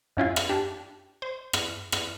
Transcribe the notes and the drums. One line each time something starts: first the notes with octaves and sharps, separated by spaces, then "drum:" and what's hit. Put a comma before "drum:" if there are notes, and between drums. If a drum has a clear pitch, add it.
F#2 C#4 E4 F4
drum: rim click
D4 G4
C5
drum: rim click
drum: rim click